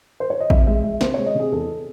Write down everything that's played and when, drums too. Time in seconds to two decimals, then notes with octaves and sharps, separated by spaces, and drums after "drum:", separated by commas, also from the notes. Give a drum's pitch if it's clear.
0.20 C5
0.30 C#5
0.40 D#5
0.50 C3 E5, drum: kick A1
0.67 G#3 E5
0.84 G#3 E5
1.01 C3 C5, drum: snare
1.14 G#3 C#5
1.26 D#5
1.35 C3
1.40 G#4
1.52 E2 A4